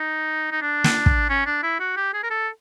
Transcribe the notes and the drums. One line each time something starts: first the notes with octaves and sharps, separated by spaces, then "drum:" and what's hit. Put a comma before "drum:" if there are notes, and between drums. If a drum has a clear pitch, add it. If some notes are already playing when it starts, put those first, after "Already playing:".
Already playing: D#4
D#4
D4
drum: snare
drum: kick
C#4
D4
E4
F#4
G4
G#4
A#4
A4